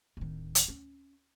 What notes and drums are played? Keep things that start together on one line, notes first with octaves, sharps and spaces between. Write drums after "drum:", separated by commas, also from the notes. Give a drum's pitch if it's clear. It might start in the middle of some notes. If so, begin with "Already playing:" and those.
D1 D#3
drum: hi-hat
C#4